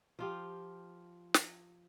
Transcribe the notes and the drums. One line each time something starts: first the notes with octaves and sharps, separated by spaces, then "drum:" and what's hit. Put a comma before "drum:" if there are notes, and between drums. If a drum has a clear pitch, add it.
F3 F4 G4
drum: snare